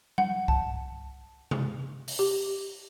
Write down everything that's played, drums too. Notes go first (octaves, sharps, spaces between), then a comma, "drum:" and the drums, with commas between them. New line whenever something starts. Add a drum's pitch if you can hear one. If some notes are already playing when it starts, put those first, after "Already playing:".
F#5, drum: tom G3
A5, drum: kick C2
drum: tom C3
drum: open hi-hat
G4